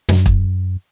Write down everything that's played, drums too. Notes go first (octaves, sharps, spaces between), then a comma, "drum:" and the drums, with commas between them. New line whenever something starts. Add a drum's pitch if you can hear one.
F#2, drum: snare
drum: kick